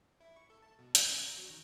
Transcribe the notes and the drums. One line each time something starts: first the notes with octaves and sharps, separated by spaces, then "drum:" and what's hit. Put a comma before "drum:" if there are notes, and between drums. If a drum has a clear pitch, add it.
E4
C#6
A4
A5
B2
E3, drum: hi-hat
C#3
A#5
F#3
D#3